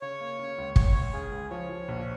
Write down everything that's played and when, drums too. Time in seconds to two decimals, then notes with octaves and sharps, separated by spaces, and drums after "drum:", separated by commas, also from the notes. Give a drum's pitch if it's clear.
0.01 C#3 C#5
0.20 A#3
0.39 C#3
0.58 C#2
0.76 C#2 C#5, drum: kick
0.95 C#2 C#5
1.13 C#3 G#4
1.32 C#2
1.50 F3 C#5
1.69 F3
1.88 A#1